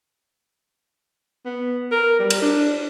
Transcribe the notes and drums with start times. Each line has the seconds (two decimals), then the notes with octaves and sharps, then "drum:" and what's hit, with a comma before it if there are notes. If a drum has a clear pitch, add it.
1.45 B3
1.91 A#4
2.19 G3
2.30 drum: cymbal
2.42 D4